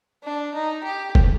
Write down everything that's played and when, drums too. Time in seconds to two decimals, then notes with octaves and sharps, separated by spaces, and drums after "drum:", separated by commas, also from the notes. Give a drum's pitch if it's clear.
0.24 D4
0.54 D#4
0.84 G4
1.15 drum: kick